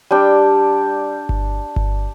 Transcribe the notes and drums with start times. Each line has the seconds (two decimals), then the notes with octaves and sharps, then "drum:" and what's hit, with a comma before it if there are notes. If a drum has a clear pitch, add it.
0.11 G3 D4 G5
1.29 drum: kick G1
1.76 drum: kick G1